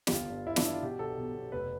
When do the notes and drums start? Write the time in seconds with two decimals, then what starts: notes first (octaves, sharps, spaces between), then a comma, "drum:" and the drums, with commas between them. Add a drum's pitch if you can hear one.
0.07 G4, drum: snare
0.11 G1 F4
0.30 G2
0.47 G1 E4
0.56 D4, drum: snare
0.64 E3 E4
0.73 F4
0.82 B2 G4
0.99 B1 A4
1.18 B1
1.35 B1
1.52 F1 B4